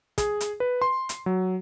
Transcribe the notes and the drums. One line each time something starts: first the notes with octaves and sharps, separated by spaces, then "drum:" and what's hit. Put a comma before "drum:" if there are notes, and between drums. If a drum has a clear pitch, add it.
G#4, drum: kick, hi-hat
drum: hi-hat
B4
C6
drum: hi-hat
F#3